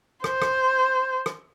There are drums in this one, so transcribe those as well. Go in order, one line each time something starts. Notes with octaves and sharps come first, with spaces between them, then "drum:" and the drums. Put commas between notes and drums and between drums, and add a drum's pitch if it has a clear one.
C5, drum: rim click
drum: rim click
drum: rim click